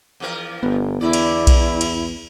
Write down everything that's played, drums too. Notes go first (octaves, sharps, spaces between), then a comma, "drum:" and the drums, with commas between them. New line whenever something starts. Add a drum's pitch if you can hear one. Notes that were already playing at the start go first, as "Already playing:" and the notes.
E2 F3 A#4
G1 B3
E2 D3 E4 D5
drum: cymbal
drum: kick B1, cymbal
drum: cymbal